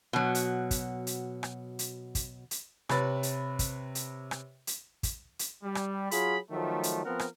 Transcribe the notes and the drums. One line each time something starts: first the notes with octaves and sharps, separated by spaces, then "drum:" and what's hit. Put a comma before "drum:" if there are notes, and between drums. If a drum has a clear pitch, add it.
B2 F#3
drum: hi-hat
drum: kick, hi-hat
drum: hi-hat
drum: rim click
drum: hi-hat
drum: kick, hi-hat
drum: hi-hat
C3 B4 C#5 B5 A6, drum: rim click
drum: hi-hat
drum: kick, hi-hat
drum: hi-hat
drum: rim click
drum: hi-hat
drum: kick, hi-hat
drum: hi-hat
G3
drum: rim click
F#3 F4 G#4 B5, drum: hi-hat
D#3 F3 F#3 A3
drum: hi-hat
F3 B3 C4 A#4 F#5
drum: rim click